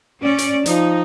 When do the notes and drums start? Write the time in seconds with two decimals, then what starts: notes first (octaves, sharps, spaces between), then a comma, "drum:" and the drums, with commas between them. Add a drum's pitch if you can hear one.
0.21 C#4 D5
0.38 drum: hi-hat
0.66 F3 D#4, drum: hi-hat